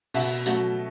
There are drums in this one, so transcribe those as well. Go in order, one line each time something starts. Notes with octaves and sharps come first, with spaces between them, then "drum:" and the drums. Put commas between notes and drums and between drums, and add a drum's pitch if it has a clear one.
B2 E5, drum: open hi-hat
F#3 A3, drum: hi-hat